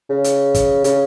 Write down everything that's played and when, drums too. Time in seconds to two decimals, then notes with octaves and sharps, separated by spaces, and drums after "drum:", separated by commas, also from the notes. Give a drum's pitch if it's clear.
0.10 C#3
0.24 drum: hi-hat
0.54 drum: kick, hi-hat
0.84 C#3, drum: hi-hat